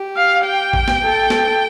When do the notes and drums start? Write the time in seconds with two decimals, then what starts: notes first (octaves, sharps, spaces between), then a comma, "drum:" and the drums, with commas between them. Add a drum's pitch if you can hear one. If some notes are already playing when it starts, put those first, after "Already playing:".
Already playing: G4
0.16 F5
0.45 G5
0.73 drum: kick
0.88 drum: snare
1.02 A4
1.30 drum: snare